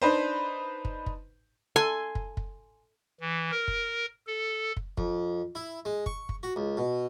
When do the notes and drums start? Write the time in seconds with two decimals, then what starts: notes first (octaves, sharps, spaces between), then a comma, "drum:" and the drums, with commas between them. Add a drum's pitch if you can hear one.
0.02 D4 D#4 B4 C5
0.85 drum: kick
1.06 drum: kick
1.76 A4 G#5 C6
2.15 drum: kick
2.37 drum: kick
3.21 E3
3.51 A#4
3.68 drum: kick
4.27 A4
4.77 drum: kick
4.98 F2, drum: kick
5.55 E4
5.85 G#3
6.06 C#6, drum: kick
6.29 drum: kick
6.43 F#4
6.56 C#2
6.77 B2